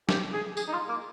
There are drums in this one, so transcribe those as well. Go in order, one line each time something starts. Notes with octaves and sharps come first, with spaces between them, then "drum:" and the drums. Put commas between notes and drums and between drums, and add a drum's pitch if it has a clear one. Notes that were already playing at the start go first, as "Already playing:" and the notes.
G4, drum: snare
G#4
G#4, drum: tambourine
D#4
F4
A#3